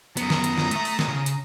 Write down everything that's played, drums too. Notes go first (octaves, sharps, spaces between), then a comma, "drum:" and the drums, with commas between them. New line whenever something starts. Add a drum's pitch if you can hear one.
F#2 B3 A#5 D#6, drum: hi-hat
drum: snare
drum: hi-hat
drum: snare
A3 E5, drum: hi-hat
drum: open hi-hat
drum: snare
C#3
drum: hi-hat